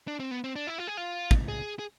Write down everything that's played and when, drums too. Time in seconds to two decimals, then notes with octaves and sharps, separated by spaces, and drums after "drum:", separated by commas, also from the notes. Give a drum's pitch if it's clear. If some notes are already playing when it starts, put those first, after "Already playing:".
0.08 D4
0.20 C4
0.31 B3
0.44 C4
0.56 D4
0.67 E4
0.78 F4
0.87 G#4
0.97 F4
1.31 drum: kick
1.48 G#4
1.79 G#4